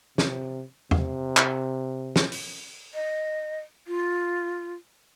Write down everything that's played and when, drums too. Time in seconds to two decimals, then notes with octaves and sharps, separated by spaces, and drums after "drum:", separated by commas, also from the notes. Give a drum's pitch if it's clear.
0.18 C3, drum: snare
0.91 C3, drum: tom E2
1.37 drum: clap
2.16 drum: snare
2.32 drum: open hi-hat
2.94 D#5
3.88 F4